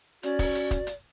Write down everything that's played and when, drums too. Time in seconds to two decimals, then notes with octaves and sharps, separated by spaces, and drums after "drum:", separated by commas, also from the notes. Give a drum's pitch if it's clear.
0.23 C#4 F#4 D5, drum: hi-hat
0.39 drum: kick, open hi-hat
0.55 drum: hi-hat
0.71 drum: kick, hi-hat
0.87 drum: hi-hat